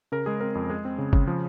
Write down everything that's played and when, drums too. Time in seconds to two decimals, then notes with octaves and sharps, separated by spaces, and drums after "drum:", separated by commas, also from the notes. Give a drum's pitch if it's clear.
0.12 C#3 A#4
0.26 G#3 G#4
0.41 C4 A#4
0.55 F2
0.69 G#3 G#4
0.85 C4
0.98 C#3
1.13 C#3, drum: kick
1.27 F3